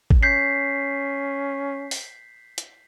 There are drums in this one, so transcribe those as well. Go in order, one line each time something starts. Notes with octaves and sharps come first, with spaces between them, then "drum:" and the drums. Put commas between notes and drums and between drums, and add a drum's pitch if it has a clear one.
drum: kick A1
C#4 G6 B6 C7
drum: open hi-hat
drum: hi-hat